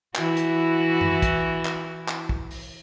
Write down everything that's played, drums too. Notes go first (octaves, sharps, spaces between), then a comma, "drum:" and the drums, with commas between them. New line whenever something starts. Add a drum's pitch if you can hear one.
E3 E4 F#4, drum: clap
drum: hi-hat
drum: tom F#2
drum: kick, hi-hat
drum: clap
drum: clap
drum: kick
drum: open hi-hat